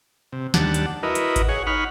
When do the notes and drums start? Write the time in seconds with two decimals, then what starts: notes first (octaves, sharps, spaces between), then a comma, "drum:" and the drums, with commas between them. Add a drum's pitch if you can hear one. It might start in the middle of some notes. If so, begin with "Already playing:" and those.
0.33 C3
0.54 D#2 G3 D4 F#5 A5, drum: snare
0.74 drum: hi-hat
1.03 E4 F#4 A#4 B4 D#5
1.15 drum: hi-hat
1.36 drum: kick G#1, hi-hat
1.49 G#4 C#5 F#5
1.67 D#4 F#5 B5 C#6 F6